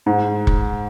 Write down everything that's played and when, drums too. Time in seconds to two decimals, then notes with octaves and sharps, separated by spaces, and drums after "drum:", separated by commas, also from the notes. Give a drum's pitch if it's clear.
0.06 G#2
0.47 drum: kick